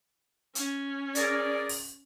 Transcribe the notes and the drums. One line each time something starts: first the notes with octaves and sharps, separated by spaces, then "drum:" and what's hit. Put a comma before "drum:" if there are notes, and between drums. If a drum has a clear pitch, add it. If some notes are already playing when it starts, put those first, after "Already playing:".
C#4, drum: hi-hat
G#4 A#4 D5, drum: hi-hat
drum: open hi-hat